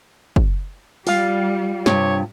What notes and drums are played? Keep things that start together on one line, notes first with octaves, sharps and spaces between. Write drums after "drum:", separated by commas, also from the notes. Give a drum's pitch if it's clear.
drum: kick
G3 F4 F5, drum: open hi-hat
G2 C3 C#5, drum: snare